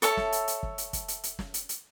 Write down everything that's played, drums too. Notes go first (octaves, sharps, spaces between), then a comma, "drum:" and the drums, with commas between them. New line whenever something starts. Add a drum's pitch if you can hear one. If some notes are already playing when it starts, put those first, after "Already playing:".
A4 C#5 E5 A5, drum: hi-hat
drum: snare
drum: hi-hat
drum: hi-hat
drum: kick
drum: hi-hat
drum: kick, hi-hat
drum: hi-hat
drum: hi-hat
drum: snare
drum: hi-hat
drum: hi-hat